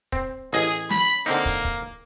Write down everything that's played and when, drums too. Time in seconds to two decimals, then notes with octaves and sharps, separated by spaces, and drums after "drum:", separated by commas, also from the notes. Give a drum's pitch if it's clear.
0.12 C4, drum: kick
0.53 A1 G#4 D#5 G#5
0.90 B5, drum: snare
1.26 D3 A#3 C4 D#4
1.45 drum: kick
1.65 drum: kick